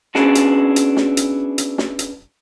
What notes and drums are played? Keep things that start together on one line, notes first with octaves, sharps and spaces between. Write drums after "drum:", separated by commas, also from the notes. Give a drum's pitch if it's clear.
B3 C#4 D4 E4 F#4 G#4, drum: snare
drum: hi-hat
drum: hi-hat
drum: snare
drum: hi-hat
drum: hi-hat
drum: snare
drum: hi-hat